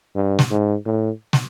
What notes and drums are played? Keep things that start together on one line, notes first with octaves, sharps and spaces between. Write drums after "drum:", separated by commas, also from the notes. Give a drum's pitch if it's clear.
G2
drum: snare
G#2
A2
drum: snare